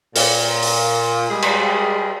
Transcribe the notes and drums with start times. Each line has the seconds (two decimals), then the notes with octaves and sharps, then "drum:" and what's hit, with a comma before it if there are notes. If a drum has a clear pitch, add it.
0.16 A#2, drum: open hi-hat
0.63 drum: open hi-hat
1.30 G3 G#3 G#4
1.42 drum: cymbal